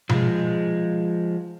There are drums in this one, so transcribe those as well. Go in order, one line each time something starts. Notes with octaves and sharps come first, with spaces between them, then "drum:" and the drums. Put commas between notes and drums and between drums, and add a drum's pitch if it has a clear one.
F3 G#3, drum: tom B2